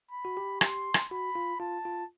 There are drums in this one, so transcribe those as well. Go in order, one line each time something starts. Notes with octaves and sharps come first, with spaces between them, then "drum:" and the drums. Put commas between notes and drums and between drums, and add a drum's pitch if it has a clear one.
B5
F#4
G4
C6, drum: rim click
drum: rim click
F#4 B5
F4
F4 A5
F4